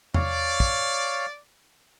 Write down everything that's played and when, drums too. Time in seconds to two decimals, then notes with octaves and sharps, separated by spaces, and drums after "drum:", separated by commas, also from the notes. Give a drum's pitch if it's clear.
0.14 C#5 D5 F5, drum: tom E2
0.60 drum: kick